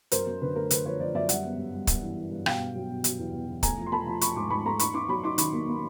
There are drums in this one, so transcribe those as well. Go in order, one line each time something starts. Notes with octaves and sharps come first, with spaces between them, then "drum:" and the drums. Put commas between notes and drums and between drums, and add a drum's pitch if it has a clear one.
F#2 A#4 C5, drum: hi-hat
F#2
D3 B4
A3 A#4
D3 B4, drum: hi-hat
F3 B4 C#5
F3 C5 D5
F#2 D5 E5
G3 E5 F#5, drum: hi-hat
B3
G2
G3
B3, drum: kick, hi-hat
E3
E3
G2
B2 F5 G5, drum: rim click
B3
F#3
B2
F#3, drum: hi-hat
E2
B2
E2
A3 G#5 A#5, drum: kick, hi-hat
F3
C6
A3 A5 B5
F3
F3 B5 C#6, drum: hi-hat
G#2 C6 D6
G#2 B5 C#6
A3 A#5 C6
D#4 B5 C#6, drum: hi-hat
D#4 C6 D6
F#3 B5 C#6
D#4 C6 D6
D#3 B5 C#6, drum: hi-hat
A#3
A#3